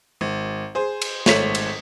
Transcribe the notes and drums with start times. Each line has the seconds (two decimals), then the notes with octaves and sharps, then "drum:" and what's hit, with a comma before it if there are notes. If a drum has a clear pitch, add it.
0.21 G#1
0.75 G#4 C5
1.02 drum: cymbal
1.26 G#1 A3 C#5 B6 F7, drum: snare
1.55 drum: cymbal